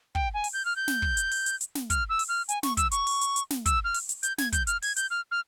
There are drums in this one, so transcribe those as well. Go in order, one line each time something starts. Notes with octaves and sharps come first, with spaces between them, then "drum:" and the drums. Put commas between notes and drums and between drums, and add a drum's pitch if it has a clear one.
G5, drum: kick
G#5
drum: open hi-hat
G6
F6
G6
drum: snare
drum: kick
drum: hi-hat
drum: open hi-hat
drum: hi-hat
drum: hi-hat
drum: snare
F6, drum: kick, hi-hat
E6
drum: open hi-hat
F6
G#5, drum: hi-hat
C#6, drum: snare
E6, drum: kick, hi-hat
C#6, drum: hi-hat
drum: open hi-hat
drum: hi-hat
drum: hi-hat
drum: snare
E6, drum: kick, hi-hat
F6
drum: open hi-hat
drum: hi-hat
G6, drum: hi-hat
G#6, drum: snare
G6, drum: kick, hi-hat
F6, drum: hi-hat
G#6, drum: open hi-hat
G6, drum: hi-hat
F6
F6